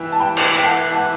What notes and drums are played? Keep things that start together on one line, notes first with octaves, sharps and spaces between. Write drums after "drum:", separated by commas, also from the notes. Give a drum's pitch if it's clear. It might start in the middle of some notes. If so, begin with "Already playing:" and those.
Already playing: E3 E5 G5
A5
G5 B5
drum: cymbal
G5
F#5 A5
F#5 A5